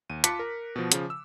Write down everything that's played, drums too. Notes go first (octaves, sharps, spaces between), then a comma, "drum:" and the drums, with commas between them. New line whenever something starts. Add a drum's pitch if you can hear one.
D#2 D#7
F4 A5 D6 F#6 B6 C#7, drum: hi-hat
A#4
B2 F3
C#3 F3, drum: hi-hat
E6